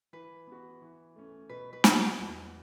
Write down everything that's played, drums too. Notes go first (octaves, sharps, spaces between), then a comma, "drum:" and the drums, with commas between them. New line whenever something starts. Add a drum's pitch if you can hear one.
E3 B4
B3 F#4
E3
A3 C#4
B2 B4
B4
F#3 C#4 E4, drum: snare
F#4
E2